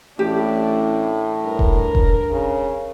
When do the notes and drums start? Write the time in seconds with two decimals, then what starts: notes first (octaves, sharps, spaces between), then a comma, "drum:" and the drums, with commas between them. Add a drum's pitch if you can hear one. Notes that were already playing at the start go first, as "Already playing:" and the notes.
0.19 A1 A2 D4 G4
1.44 G2 A#4
1.59 drum: kick E1
1.95 drum: kick E1
2.30 C#3